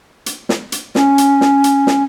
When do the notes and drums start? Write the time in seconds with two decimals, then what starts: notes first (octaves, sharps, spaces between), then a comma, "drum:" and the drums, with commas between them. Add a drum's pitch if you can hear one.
0.26 drum: hi-hat
0.49 drum: snare
0.72 drum: hi-hat
0.95 C#4, drum: snare
1.18 drum: hi-hat
1.41 drum: snare
1.64 drum: hi-hat
1.87 drum: snare